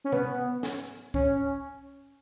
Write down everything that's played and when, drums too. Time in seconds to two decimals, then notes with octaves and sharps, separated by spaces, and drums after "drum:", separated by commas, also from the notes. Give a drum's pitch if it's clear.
0.04 C#4
0.12 B3, drum: tom C3
0.63 drum: snare
1.14 C#4, drum: kick